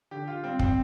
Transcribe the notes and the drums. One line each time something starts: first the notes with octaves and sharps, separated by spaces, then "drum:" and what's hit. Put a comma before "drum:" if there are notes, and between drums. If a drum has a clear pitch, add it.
D3 G4
F4
G3 C4
C4, drum: kick